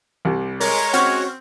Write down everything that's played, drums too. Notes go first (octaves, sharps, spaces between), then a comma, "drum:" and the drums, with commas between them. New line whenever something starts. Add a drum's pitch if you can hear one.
C2 C3 G3
G#3 A#4 C#5, drum: open hi-hat
C4 C#4 F#4, drum: hi-hat